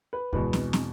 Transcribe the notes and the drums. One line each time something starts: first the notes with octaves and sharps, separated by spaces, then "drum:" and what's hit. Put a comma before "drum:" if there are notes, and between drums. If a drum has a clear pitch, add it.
B4
E2 B2 G#3 B4, drum: kick C#2
drum: snare
drum: snare